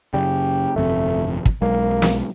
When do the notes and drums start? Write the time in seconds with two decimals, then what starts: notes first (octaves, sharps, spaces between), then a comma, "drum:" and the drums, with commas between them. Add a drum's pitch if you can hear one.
0.14 F#2 C#3 G4
0.76 G1 F2 C3 A3
1.45 drum: kick
1.62 B1 G#3 A#3
2.02 drum: snare